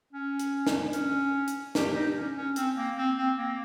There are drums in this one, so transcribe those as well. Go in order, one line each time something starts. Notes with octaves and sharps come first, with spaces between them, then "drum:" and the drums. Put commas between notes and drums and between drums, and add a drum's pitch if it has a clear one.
C#4
drum: hi-hat
drum: snare
C#4, drum: hi-hat
drum: hi-hat
G4, drum: snare
D#4
C#4
C#4
C4, drum: hi-hat
A#3
C4
C4
A#3